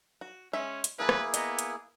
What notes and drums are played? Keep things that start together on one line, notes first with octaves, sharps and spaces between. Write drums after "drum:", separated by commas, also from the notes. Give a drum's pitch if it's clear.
F#4
G#3 C#4 E5
drum: hi-hat
E3 A#3 E4 G#4 B4 A5
drum: rim click
B3 D#5 A#5, drum: hi-hat
drum: hi-hat